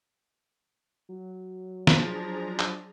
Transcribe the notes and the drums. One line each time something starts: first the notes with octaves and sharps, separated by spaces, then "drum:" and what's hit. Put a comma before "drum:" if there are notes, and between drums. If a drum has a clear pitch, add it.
F#3
F3 D4 G#4 A#5, drum: snare
drum: clap